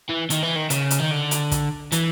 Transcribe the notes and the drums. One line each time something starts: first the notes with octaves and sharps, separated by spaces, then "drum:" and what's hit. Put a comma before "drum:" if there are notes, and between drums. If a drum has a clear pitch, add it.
E3
D#3, drum: hi-hat
E3
D#3
C#3, drum: hi-hat
drum: hi-hat
D#3
D3
drum: hi-hat
drum: kick, hi-hat
E3, drum: hi-hat